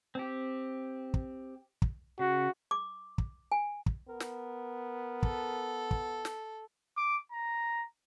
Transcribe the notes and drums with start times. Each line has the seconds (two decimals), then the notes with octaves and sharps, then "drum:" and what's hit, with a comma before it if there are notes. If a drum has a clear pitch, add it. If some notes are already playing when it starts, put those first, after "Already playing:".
0.15 C4 G4
1.14 drum: kick
1.82 drum: kick
2.19 C#3 F#4
2.71 D6
3.18 drum: kick
3.52 G#5
3.86 drum: kick
4.09 B3 A#4
4.20 drum: snare
5.23 A4, drum: kick
5.91 drum: kick
6.25 drum: snare
6.97 D6
7.32 A#5